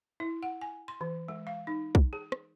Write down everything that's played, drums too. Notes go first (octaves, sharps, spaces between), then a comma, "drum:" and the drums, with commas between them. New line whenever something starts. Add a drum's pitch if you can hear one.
E4
F#5
G#5
C6
E3
G#3
F5
D#4
drum: kick
G#4
drum: rim click